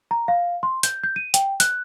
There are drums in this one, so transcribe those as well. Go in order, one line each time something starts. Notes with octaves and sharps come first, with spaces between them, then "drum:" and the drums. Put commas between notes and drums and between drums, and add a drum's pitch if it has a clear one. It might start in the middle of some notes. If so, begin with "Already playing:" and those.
A#5
F5
C6
G6, drum: hi-hat
G6
D#7
G5, drum: hi-hat
F#6, drum: hi-hat